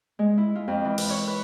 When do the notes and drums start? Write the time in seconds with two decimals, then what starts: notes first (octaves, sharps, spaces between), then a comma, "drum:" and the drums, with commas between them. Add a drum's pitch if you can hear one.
0.19 G#3
0.38 E4
0.55 F4
0.68 F2
0.85 E3
0.98 B4, drum: cymbal
1.10 C#5
1.28 B4